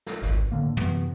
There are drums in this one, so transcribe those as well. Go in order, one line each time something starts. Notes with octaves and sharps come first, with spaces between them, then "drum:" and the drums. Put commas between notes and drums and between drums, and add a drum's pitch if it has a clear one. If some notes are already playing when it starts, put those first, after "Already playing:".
drum: snare
G#1 C#2, drum: snare
A2 D3 A#3
F#2 C3 E3 B3, drum: tom